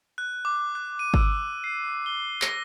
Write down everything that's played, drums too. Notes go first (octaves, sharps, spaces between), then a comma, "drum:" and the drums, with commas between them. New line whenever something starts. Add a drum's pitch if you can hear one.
F#6
D6
F#6
D#7
E6, drum: kick G#1
C7
G7
A#6, drum: clap